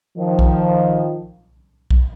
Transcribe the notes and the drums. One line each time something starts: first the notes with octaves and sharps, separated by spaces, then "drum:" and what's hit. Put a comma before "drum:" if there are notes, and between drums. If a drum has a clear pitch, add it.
D#3 F3
drum: kick B1
drum: kick B1